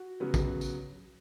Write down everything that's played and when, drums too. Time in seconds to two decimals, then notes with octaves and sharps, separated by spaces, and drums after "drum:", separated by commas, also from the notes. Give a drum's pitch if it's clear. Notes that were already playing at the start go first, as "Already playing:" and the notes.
Already playing: F#4
0.20 C#3 F#3 B3
0.34 drum: kick, tambourine
0.61 drum: tambourine